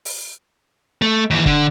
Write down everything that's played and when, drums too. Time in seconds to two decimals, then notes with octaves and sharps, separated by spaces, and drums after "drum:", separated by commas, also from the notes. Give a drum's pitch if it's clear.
0.05 drum: open hi-hat
1.02 A3
1.30 D#2 E3
1.46 D3, drum: kick